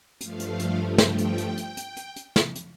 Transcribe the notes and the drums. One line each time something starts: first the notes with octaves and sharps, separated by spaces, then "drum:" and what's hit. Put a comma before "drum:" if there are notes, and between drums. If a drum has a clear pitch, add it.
G2 F3 A3 F5, drum: hi-hat
drum: hi-hat
drum: hi-hat
G5, drum: snare
drum: hi-hat
drum: hi-hat
drum: hi-hat
drum: hi-hat
drum: hi-hat
drum: hi-hat
drum: snare
drum: hi-hat